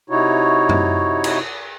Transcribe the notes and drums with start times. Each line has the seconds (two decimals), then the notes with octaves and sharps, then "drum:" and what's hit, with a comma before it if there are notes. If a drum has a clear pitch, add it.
0.10 C3 D#4 E4 F#4 C#5
0.69 drum: tom F#2
1.24 drum: cymbal